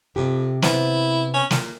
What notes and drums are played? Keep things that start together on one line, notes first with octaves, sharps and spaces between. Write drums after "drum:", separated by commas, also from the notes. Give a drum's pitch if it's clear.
F2 C3 G4
C3 B3 E4 C5, drum: snare
C#4
A#2, drum: snare